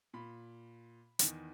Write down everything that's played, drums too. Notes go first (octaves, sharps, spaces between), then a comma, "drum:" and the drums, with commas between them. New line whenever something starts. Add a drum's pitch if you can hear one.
A#2 B5
E2 D#3, drum: hi-hat